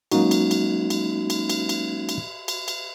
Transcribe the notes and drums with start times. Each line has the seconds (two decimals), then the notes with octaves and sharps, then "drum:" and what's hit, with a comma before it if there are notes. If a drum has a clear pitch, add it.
0.12 F#3 G#3 A#3 C#4 D#4 F#4, drum: cymbal
0.31 drum: cymbal
0.51 drum: cymbal
0.90 drum: cymbal
1.30 drum: cymbal
1.50 drum: cymbal
1.69 drum: cymbal
2.09 drum: cymbal
2.48 drum: cymbal
2.68 drum: cymbal